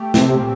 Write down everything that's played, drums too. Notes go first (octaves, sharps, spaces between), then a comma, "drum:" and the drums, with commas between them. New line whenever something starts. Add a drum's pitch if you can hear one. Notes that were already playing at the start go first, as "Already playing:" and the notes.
Already playing: A3 G4
C3 C4, drum: snare
A#2